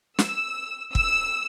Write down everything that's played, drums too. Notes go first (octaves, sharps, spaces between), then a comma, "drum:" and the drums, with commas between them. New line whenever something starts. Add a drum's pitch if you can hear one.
E6, drum: snare
E6, drum: kick